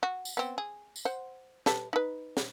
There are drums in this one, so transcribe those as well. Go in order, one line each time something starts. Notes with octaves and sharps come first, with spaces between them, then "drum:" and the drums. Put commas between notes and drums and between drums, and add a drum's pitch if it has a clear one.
F#4
drum: tambourine
B3 C4
G#4
drum: tambourine
C5 F#5
G4 A4 B4, drum: snare
D#4 B4
drum: snare